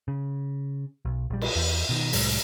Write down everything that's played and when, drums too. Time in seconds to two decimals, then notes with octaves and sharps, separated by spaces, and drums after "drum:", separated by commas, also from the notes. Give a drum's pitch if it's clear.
0.08 C#3
1.05 B1
1.30 A#1 G3
1.41 drum: cymbal
1.56 E2
1.89 B2 D#3
2.13 C2 A2 F#3 G#3, drum: open hi-hat